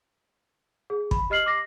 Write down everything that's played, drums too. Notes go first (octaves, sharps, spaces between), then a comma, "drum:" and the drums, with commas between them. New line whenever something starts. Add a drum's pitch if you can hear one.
G#4
B5, drum: kick
G4 D#5 F6 C7 F#7
D6 A#6 C7